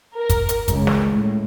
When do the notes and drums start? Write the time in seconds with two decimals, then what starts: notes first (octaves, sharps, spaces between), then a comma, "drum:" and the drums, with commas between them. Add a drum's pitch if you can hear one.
0.18 A#4
0.30 drum: kick, hi-hat
0.49 drum: hi-hat
0.68 C#2, drum: kick, hi-hat
0.87 drum: snare
1.10 A2